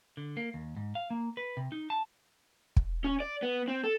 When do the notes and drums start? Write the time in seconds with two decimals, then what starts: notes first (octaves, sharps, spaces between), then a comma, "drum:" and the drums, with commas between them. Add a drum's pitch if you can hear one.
0.17 D3
0.37 A#3
0.54 D#2
0.77 G#2
0.95 F5
1.10 A#3
1.37 B4
1.57 C3
1.72 D#4
1.90 A5
2.76 drum: kick
3.04 C#4
3.20 D5
3.43 B3
3.68 C4
3.84 A4